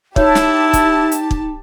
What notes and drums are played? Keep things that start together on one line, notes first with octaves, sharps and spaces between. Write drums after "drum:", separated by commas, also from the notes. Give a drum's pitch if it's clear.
D#4 E4 G4 C#5 A5, drum: kick
drum: snare
drum: kick, hi-hat
drum: hi-hat
drum: kick